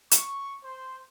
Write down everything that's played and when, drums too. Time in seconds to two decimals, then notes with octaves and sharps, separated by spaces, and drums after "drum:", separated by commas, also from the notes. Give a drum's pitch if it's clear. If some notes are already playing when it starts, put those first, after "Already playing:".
0.11 C#6, drum: hi-hat
0.65 C5